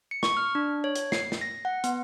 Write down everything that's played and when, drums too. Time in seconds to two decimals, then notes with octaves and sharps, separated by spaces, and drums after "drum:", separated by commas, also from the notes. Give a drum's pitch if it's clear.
0.11 C#7
0.23 C#6, drum: snare
0.37 F6
0.55 D4
0.84 C#5
0.96 drum: hi-hat
1.12 C7, drum: snare
1.32 drum: snare
1.41 A#6
1.65 F#5
1.84 B3, drum: hi-hat